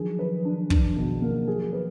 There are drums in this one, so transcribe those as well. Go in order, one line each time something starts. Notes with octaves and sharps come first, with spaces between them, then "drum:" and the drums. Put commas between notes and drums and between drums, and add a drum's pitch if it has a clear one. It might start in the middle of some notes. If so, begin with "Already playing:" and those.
Already playing: D#3 F3 F#3 D4 G#4
B4
D4
D4, drum: kick
B2
A#3
G#4
B4